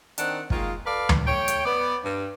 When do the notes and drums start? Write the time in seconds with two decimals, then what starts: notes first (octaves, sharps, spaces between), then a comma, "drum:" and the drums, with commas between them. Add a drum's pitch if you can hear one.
0.18 D#3 C4 D4 F#5, drum: hi-hat
0.50 D#3 G#3 A#3 F4, drum: kick
0.85 A4 B4 D5 F5
1.09 drum: tom D2
1.26 A2 C#5 G5
1.48 drum: hi-hat
1.65 B3 D5
2.03 G2